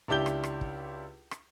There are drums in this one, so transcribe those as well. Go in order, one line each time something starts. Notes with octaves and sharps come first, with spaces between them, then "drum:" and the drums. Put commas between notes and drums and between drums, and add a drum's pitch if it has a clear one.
C#2 D4 E4 G4 G6 G7
drum: rim click
drum: rim click
drum: kick
drum: rim click